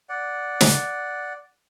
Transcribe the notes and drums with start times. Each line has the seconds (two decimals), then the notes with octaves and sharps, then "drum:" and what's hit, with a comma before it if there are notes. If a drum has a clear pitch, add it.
0.09 D5 F#5
0.61 drum: snare